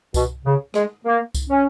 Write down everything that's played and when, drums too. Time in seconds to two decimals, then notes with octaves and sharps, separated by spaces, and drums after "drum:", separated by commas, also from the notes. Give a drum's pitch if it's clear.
0.14 B2, drum: kick C2, tambourine
0.45 C#3
0.74 G#3, drum: rim click
1.05 A#3
1.35 drum: kick C2, tambourine
1.50 C#4